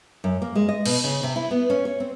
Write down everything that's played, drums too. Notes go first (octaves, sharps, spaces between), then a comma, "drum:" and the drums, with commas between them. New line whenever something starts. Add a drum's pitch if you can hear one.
F#2
A#3
G#3
D#5
B2, drum: cymbal
C#3
C3
E4
B3
C#4
C#5
C4